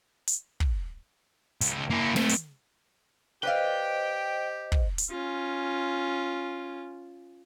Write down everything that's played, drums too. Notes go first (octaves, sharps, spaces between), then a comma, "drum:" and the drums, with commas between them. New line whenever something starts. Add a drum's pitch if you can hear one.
drum: hi-hat
drum: kick
C#2, drum: hi-hat
A#3 E4
A3 C4, drum: snare
drum: hi-hat
G4 B4 C5 D5 D#5 F5 G5
drum: kick
drum: hi-hat
C#4 F4